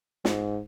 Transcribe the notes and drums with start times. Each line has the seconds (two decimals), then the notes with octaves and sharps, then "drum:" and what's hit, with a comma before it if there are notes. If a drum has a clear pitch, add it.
0.25 G#2, drum: snare